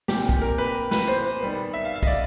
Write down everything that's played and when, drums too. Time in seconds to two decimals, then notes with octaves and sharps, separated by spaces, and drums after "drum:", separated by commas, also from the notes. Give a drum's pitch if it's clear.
0.08 A#2 G3 C4 G4, drum: snare
0.29 drum: kick
0.42 A#4
0.58 B4
0.91 B4, drum: snare
1.08 C5
1.40 D#3 G3 B3
1.74 E5
1.85 F5
1.96 F5
2.03 D#5, drum: kick
2.07 D5